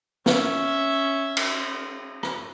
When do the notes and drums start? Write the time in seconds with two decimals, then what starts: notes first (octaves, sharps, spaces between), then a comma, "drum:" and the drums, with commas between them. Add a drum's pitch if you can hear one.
0.26 C#4 E5, drum: snare
1.37 drum: cymbal
2.23 drum: rim click